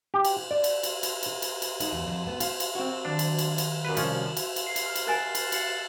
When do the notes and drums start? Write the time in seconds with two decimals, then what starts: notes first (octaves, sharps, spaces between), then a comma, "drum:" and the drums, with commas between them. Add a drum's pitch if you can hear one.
0.14 G4
0.25 drum: cymbal
0.51 D5
0.64 drum: cymbal
0.83 drum: cymbal
1.03 drum: cymbal
1.23 drum: cymbal
1.42 drum: cymbal
1.62 drum: cymbal
1.80 D#4, drum: cymbal
1.93 E2
2.07 F2
2.27 B3
2.40 F5, drum: cymbal
2.60 drum: cymbal
2.75 C4 F#4
3.05 D#3 F#3 D4
3.19 drum: cymbal
3.39 drum: cymbal
3.58 drum: cymbal
3.85 F#2 F#4 A#4 B4
3.97 C2 G2 F3 C#4, drum: cymbal
4.37 drum: cymbal
4.56 drum: cymbal
4.67 C7
4.76 drum: cymbal
4.86 F6
4.96 drum: cymbal
5.07 A#4 G#5 F#6 A6 E7
5.35 drum: cymbal
5.52 C7 C#7, drum: cymbal